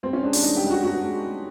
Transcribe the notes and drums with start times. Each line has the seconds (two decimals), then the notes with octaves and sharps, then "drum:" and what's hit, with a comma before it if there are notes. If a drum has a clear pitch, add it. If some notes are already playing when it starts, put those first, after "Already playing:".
0.03 G2 C4
0.13 C#4
0.23 G#3 D4
0.33 D4, drum: open hi-hat
0.43 E3 D#4
0.56 G4
0.64 G2
0.70 F#4
0.83 G2 F#4
1.04 G#3
1.24 G#3